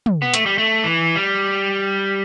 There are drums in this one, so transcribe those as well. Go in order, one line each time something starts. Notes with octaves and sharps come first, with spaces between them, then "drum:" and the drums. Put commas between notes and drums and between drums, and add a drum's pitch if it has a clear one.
drum: tom
B3
A3, drum: hi-hat
G3
A3
E3
G3